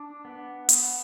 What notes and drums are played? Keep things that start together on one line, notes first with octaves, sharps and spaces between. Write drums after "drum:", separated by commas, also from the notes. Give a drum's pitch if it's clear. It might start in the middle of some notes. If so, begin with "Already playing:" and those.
Already playing: D4
B3
B3, drum: hi-hat